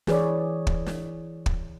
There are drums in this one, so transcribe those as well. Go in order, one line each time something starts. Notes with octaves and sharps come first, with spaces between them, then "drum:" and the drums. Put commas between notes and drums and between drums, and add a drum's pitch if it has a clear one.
E3 G#4 B4 C#5 D5, drum: snare
drum: kick
drum: snare
drum: kick